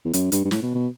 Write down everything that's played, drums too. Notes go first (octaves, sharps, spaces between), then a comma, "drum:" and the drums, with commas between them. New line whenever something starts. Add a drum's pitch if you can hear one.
E2
F#2, drum: hi-hat
G2, drum: hi-hat
G2
A2, drum: snare
B2
B2